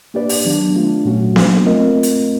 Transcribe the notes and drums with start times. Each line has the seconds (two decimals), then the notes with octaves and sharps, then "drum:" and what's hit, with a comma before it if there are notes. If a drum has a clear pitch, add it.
0.14 A#3 D4 G4 B4 D5
0.29 drum: open hi-hat
0.45 D#3 F#3 B3 D4
0.75 A3 D4 F4
1.05 A#2 F#3 A3 C#4 F#4
1.36 F#3 A#3 D4, drum: snare B3
1.66 A3 C4 F4 A#4 D#5
2.03 drum: hi-hat